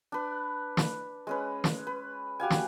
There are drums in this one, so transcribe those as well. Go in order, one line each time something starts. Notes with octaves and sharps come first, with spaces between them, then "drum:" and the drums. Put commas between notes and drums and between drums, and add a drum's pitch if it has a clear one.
D4 B4
drum: snare
G#3 C#4 B4
drum: snare
B4
F#4 G4 F5 G#5
drum: snare